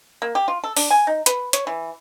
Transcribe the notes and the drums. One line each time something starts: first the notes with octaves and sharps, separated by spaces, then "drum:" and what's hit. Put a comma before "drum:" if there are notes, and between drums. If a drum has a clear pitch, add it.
A#3
G4
F4
A4
D4, drum: open hi-hat
G#5
D#4
B4, drum: hi-hat
C#5, drum: hi-hat
E3